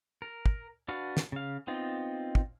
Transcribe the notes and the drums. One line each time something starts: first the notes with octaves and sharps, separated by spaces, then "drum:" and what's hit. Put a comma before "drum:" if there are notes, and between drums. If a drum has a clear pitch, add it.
A#4
drum: kick
D4 F#4 B4 F5
drum: snare
C#3 F5
B3 C4 D#4 F4
drum: kick